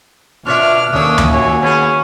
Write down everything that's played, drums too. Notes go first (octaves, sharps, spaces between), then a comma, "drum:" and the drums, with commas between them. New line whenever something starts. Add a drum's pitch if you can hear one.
B2 D4 F4 C#5 E5 F6
D#2 A3 A#3 C#4 D4 C#5 D#6 E6
drum: tom D2
A#2 F#4 C#5 G#5
B3 C#4 G#4